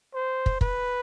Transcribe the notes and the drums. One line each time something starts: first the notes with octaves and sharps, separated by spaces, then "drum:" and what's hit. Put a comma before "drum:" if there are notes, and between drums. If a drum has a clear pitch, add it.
C5
drum: kick
B4, drum: kick